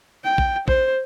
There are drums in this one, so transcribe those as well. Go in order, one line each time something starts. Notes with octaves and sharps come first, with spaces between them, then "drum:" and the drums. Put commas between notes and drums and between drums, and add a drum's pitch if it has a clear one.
G5
drum: kick
C5, drum: kick